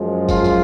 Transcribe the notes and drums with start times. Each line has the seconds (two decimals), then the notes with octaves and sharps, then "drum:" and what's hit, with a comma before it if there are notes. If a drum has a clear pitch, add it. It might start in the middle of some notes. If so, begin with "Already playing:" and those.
Already playing: F#2 F3 G#3
0.29 F4, drum: kick, tambourine
0.44 drum: tambourine